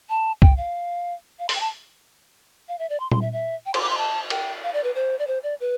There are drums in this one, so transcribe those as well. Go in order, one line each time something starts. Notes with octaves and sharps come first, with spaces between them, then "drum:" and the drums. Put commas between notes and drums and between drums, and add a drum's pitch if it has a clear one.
A5
G5, drum: kick C2
F5
F5
C6, drum: open hi-hat
G5
A5
F5
E5
D5
C6
C6, drum: tom A#2
E5
E5
G5
C6, drum: cymbal
D6
C6
A5
G5, drum: cymbal
F5
D5
B4
C5
D5
C5
D5
B4